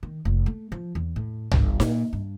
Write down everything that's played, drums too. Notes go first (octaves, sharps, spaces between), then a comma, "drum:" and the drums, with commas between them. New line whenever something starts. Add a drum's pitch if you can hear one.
D#3
F1
A3
F3
E2
A2
G1, drum: tom C2
A#2, drum: snare D#4
G2